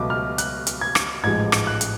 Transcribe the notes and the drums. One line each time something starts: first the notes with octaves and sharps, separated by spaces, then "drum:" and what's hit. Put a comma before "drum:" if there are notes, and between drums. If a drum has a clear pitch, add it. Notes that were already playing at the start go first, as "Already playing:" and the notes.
Already playing: C#2 B2 F#3 A3 D6
F6
F#6, drum: hi-hat
drum: hi-hat
G#6
drum: rim click
A1 G#2 F3 G#3 G#6
drum: rim click
F#6
drum: hi-hat